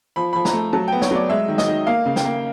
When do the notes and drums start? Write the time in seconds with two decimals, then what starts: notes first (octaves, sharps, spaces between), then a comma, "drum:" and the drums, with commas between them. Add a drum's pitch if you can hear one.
0.16 F3 B5
0.33 F3 B5
0.45 A#5, drum: snare
0.53 A3
0.73 F#3 A5
0.88 B3 G5
1.02 C#5, drum: snare
1.11 F#3 D5
1.29 G#3 E5
1.48 D#3
1.58 D#5, drum: snare
1.68 D#3
1.87 A#3 F5
2.06 C#3
2.16 G5, drum: snare
2.25 A#3